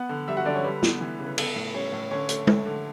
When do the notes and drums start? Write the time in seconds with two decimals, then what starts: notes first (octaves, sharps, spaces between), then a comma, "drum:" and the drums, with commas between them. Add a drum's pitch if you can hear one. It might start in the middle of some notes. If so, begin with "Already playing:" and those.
Already playing: B3 F#5 F#6
0.09 D3
0.28 G3 E5 E6
0.37 F#4 F#5
0.45 D3 D4 D5
0.55 C#4 C#5
0.64 G3 B4
0.83 B3, drum: snare
1.01 E3
1.19 C#3
1.26 B4
1.38 B3 A4, drum: cymbal
1.56 A2
1.74 G3 C#4 C#5
1.92 A2
2.11 D3 C#4 C#5
2.29 A3, drum: hi-hat
2.47 A3, drum: tom
2.66 D3